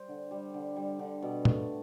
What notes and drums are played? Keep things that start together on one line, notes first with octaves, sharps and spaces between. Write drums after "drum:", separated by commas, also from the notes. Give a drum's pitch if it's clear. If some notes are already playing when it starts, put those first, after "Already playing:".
Already playing: G3 C5
D3
G3
D3
G3
D3
B2
A3, drum: tom A#2